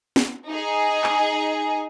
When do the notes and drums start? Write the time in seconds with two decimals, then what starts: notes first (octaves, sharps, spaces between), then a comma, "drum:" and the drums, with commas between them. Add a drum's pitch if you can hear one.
0.16 drum: snare
0.47 D#4 G#4
1.04 drum: clap